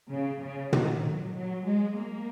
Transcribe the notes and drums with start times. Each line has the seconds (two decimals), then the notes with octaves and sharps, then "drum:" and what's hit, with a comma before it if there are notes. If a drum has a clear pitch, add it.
0.10 C#3
0.41 C#3
0.73 D#3, drum: tom
1.04 F#3
1.35 F#3
1.67 G#3
1.97 A#3